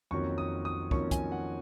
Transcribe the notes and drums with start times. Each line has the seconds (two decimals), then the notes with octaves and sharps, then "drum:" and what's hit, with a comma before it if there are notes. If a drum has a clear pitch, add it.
0.11 F2 D#3 F#3 A#3 C#4 C#6
0.38 D#6
0.65 D#6
0.91 F2 D#3 F#3 A#3 C#4 C#6, drum: kick
1.11 G#5, drum: kick, hi-hat
1.32 F#5